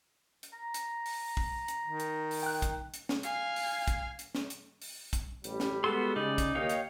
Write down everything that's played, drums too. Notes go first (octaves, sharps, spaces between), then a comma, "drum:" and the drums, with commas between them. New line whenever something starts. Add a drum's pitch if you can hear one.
drum: hi-hat
A#5
drum: hi-hat
drum: open hi-hat
drum: kick
drum: hi-hat
D#3
drum: hi-hat
drum: open hi-hat
G5 F#6
drum: kick, hi-hat
drum: hi-hat
drum: snare
F5 G#5, drum: hi-hat
drum: open hi-hat
drum: kick, hi-hat
drum: hi-hat
drum: snare
drum: hi-hat
drum: open hi-hat
drum: kick, hi-hat
A1 G3, drum: hi-hat
drum: snare
G#3 B3 F#4 A4 C6
C#3 D#4 D5
drum: kick, hi-hat
D#2 C#5 D#5 F5 G5
drum: hi-hat